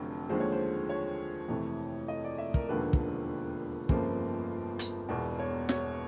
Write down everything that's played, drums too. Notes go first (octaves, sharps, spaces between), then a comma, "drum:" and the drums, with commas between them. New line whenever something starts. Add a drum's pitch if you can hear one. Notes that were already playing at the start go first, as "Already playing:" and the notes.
Already playing: F1 F2 D3 F#3
D#2 D3 F3 G#3 C5
C#5
C5
C#5
F2 C3 E3 A3
D#5
D5
E5
A#4, drum: kick
E1 D#2 D3 F3 A#3 B4
drum: kick
G1 F2 C#3 F3 A#3 C5, drum: kick
drum: hi-hat
E1 E2 B2 D5
C#5
C#5, drum: snare